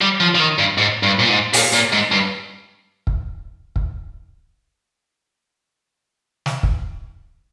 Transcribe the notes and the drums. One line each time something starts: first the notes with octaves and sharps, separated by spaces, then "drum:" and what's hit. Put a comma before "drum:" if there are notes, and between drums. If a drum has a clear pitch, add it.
G3
F3
F3
D#3
G2
G#2
G2
A#2
G#2
A#2, drum: open hi-hat
A#2
G#2
G2
drum: kick
drum: kick
drum: snare
drum: kick